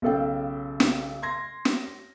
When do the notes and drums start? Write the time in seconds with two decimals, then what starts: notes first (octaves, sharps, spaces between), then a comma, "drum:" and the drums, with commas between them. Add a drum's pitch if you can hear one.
0.02 B1 C#3 A4 F5 G5
0.80 drum: snare
1.23 C6 G#6 A#6
1.65 drum: snare